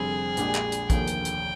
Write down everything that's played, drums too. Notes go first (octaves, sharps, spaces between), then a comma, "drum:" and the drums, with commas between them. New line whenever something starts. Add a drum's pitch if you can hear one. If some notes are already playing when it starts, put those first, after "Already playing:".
Already playing: F1 F2 D3 G3 C4 G#4
A#1 A#2 G#3 D4 G4, drum: hi-hat
drum: clap
drum: hi-hat
F1 D#2 D3 F3 A#3 G5, drum: kick, hi-hat
drum: hi-hat
drum: hi-hat